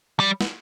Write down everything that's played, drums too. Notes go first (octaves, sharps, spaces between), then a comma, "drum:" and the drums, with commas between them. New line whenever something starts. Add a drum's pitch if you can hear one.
G3
drum: snare